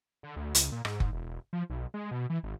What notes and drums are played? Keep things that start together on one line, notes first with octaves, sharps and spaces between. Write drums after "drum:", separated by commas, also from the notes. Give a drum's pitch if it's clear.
D3
D2
C#2, drum: hi-hat
A#2
G#2, drum: rim click
drum: kick F#1
E1
F3
B1
G#3
B2
E3
G#1